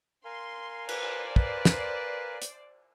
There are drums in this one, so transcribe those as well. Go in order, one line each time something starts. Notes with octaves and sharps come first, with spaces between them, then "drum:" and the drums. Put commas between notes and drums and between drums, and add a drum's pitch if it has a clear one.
A#4 F5 G#5 C6
B4 C5 D5, drum: cymbal
B4, drum: kick
drum: snare
drum: hi-hat